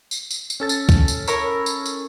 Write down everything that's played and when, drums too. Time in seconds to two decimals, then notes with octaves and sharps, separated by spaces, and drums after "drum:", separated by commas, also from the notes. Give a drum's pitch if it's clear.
0.11 drum: tambourine
0.31 drum: tambourine
0.50 drum: tambourine
0.60 C#4 A4 A6
0.69 drum: tambourine
0.89 drum: kick, tambourine
1.08 drum: tambourine
1.27 E4 A#4 C#5, drum: tambourine
1.66 drum: tambourine
1.86 drum: tambourine